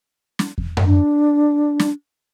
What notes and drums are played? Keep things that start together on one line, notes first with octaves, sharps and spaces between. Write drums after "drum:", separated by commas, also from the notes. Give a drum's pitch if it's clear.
drum: snare
drum: kick E2
drum: tom F#2
D4
drum: snare